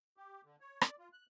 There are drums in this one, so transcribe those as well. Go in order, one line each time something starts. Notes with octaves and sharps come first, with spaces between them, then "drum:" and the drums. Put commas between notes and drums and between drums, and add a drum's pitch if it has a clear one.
G4
D3
C#5
D5, drum: rim click
F4
F#6